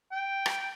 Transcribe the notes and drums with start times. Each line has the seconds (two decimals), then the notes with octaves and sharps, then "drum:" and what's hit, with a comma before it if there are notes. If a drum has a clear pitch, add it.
0.12 G5
0.46 drum: rim click